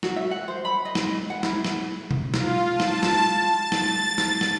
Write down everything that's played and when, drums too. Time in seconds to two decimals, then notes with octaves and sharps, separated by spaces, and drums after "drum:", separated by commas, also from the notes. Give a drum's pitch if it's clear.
0.03 F#4, drum: snare
0.16 E5
0.31 F#5
0.48 C5
0.65 B5
0.85 D#5
0.95 drum: snare
1.30 F#5
1.43 E4, drum: snare
1.65 drum: snare
2.11 drum: tom B2
2.34 F4, drum: snare
2.71 A5
2.80 drum: snare
3.03 drum: snare
3.41 A6
3.72 drum: snare
4.18 drum: snare
4.41 drum: snare